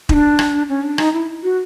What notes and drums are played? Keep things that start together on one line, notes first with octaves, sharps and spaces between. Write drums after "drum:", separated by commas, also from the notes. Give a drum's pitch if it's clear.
D#4, drum: kick E1
D4
drum: rim click
C#4
D4
D#4, drum: rim click
E4
F#4